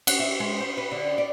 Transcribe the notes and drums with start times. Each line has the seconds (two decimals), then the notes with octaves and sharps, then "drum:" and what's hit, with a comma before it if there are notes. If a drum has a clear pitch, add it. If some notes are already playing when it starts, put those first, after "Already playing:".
0.07 F#5, drum: cymbal
0.20 E5
0.40 G#3
0.60 C5
0.77 B4
0.91 D3
1.18 D5